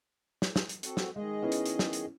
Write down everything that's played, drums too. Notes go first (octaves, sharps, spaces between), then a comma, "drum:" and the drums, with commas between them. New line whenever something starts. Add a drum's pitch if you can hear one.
drum: snare
drum: snare
drum: hi-hat
C4 F#4 A4, drum: hi-hat
drum: snare
D#3 G#3 G#4 D#5
B3 C#4 E4
drum: hi-hat
drum: hi-hat
drum: snare
drum: hi-hat